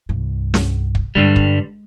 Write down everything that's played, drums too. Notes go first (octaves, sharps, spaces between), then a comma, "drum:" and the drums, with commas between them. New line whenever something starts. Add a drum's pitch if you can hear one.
C2 G2
drum: snare
drum: kick
G2 D3 G3 G#3
drum: kick